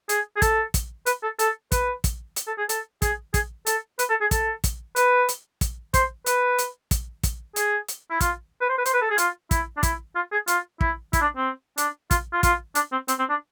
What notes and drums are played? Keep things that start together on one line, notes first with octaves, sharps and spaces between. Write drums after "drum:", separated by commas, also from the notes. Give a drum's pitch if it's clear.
G#4, drum: hi-hat
G#4
A4, drum: kick, hi-hat
drum: kick, hi-hat
B4, drum: hi-hat
A4
A4, drum: hi-hat
B4, drum: kick, hi-hat
drum: kick, hi-hat
drum: hi-hat
A4
G#4
A4, drum: hi-hat
G#4, drum: kick, hi-hat
G#4, drum: kick, hi-hat
A4, drum: hi-hat
B4, drum: hi-hat
A4
G#4
A4, drum: kick, hi-hat
drum: kick, hi-hat
B4, drum: hi-hat
drum: hi-hat
drum: kick, hi-hat
C5, drum: kick, hi-hat
B4, drum: hi-hat
drum: hi-hat
drum: kick, hi-hat
drum: kick, hi-hat
G#4, drum: hi-hat
drum: hi-hat
E4
F4, drum: kick, hi-hat
B4
C5
B4
C5, drum: hi-hat
B4
A4
G#4
F4, drum: hi-hat
E4, drum: kick, hi-hat
D4
E4, drum: kick, hi-hat
F4
G#4
F4, drum: hi-hat
E4, drum: kick
E4, drum: kick, hi-hat
D4
C4
D4, drum: hi-hat
F4, drum: kick, hi-hat
F4
F4, drum: kick, hi-hat
D4, drum: hi-hat
C4
C4, drum: hi-hat
C4
D4